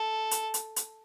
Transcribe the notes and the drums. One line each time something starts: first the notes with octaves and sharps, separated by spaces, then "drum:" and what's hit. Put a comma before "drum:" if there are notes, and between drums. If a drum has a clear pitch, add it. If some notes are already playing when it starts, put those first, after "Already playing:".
Already playing: A4
drum: hi-hat
drum: hi-hat
drum: hi-hat